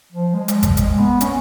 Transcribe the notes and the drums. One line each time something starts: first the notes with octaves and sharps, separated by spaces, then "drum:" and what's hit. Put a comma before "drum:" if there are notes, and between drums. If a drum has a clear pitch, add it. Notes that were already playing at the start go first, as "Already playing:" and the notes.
F3
G#3
drum: hi-hat
drum: kick G#1, hi-hat
G#3, drum: hi-hat
B3
C#4, drum: hi-hat